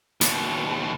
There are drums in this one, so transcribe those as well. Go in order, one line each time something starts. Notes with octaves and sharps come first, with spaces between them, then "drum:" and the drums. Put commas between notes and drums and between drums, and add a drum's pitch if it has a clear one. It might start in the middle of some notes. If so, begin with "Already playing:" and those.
D#2 B2, drum: hi-hat